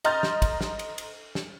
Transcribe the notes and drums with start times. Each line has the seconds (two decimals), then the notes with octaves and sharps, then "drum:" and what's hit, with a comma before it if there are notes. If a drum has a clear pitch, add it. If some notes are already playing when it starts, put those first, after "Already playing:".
0.05 D#5 A#5 C6 F6 G6 A6, drum: cymbal
0.23 drum: snare
0.42 drum: kick, cymbal
0.61 drum: snare
0.79 drum: cymbal
0.98 drum: cymbal
1.35 drum: snare